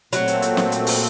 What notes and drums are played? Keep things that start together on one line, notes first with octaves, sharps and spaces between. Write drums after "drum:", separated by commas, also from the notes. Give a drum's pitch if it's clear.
A#2 F#3 A3 C4, drum: hi-hat
drum: hi-hat
drum: hi-hat
drum: snare
drum: hi-hat
drum: open hi-hat